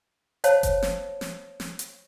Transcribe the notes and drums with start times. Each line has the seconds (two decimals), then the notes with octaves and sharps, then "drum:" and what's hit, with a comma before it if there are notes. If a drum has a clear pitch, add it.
0.44 C5 C#5 F5 A5, drum: hi-hat
0.63 drum: kick F#1, hi-hat
0.82 drum: snare
1.21 drum: snare
1.60 drum: snare
1.79 drum: hi-hat